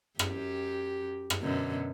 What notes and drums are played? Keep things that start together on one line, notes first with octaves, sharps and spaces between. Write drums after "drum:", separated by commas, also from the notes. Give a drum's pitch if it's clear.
F#2 G4, drum: rim click
drum: rim click
F#2 B2 D3